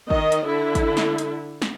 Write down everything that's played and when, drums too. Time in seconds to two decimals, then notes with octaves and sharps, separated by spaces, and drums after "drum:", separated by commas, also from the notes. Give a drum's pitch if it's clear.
0.10 D#3 D#5, drum: kick
0.32 drum: hi-hat
0.47 D3 E4
0.75 drum: kick, hi-hat
0.97 drum: snare
1.18 drum: hi-hat
1.62 drum: snare